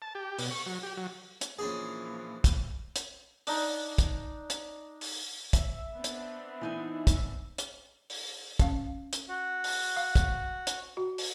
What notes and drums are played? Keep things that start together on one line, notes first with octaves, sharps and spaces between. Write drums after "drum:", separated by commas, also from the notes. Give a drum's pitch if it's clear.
A5
G4
B2, drum: open hi-hat
C#6
F#3
G4
F#3
drum: hi-hat
A#2 E3 F3 C#4 D4 G#4
drum: kick, hi-hat
drum: hi-hat
D4 D#4, drum: open hi-hat
drum: kick, hi-hat
drum: hi-hat
drum: open hi-hat
E5, drum: kick, hi-hat
B3 C4 D4
drum: hi-hat
E3 D#4 G#5
drum: kick, hi-hat
drum: hi-hat
drum: open hi-hat
C#4 F5, drum: kick, hi-hat
drum: hi-hat
F#4 F#5
drum: open hi-hat
F5
drum: kick, hi-hat
drum: hi-hat
F#4
drum: open hi-hat